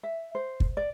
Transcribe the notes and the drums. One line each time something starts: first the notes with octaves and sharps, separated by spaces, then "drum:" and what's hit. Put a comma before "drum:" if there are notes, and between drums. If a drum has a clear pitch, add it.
E5
C5
drum: kick
D5